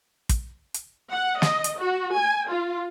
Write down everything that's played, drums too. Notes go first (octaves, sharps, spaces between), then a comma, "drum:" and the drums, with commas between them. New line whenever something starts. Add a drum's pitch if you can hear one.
drum: kick, hi-hat
drum: hi-hat
F#5
D#5, drum: snare
drum: hi-hat
F#4
G#5
F4